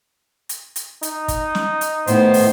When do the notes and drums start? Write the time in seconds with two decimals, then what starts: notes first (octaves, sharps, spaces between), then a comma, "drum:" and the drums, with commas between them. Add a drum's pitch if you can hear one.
0.49 drum: hi-hat
0.76 drum: hi-hat
1.03 D#4, drum: hi-hat
1.28 drum: kick, hi-hat
1.55 drum: snare
1.81 drum: hi-hat
2.07 A2 D#3 B3 C5, drum: hi-hat
2.34 drum: open hi-hat